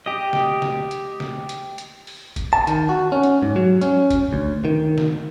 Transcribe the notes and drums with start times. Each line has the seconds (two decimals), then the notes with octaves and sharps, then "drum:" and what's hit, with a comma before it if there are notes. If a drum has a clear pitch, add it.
0.06 G4 D#5
0.33 drum: snare
0.62 drum: snare
0.91 drum: hi-hat
1.20 drum: snare
1.49 drum: hi-hat
1.78 drum: hi-hat
2.07 drum: open hi-hat
2.36 drum: kick, hi-hat
2.53 A5
2.67 D#3, drum: hi-hat
2.89 F#4
3.12 C#4
3.23 drum: hi-hat
3.42 G#2
3.56 F#3
3.81 C#4, drum: hi-hat
4.10 drum: kick, hi-hat
4.33 D2
4.65 D#3
4.98 drum: snare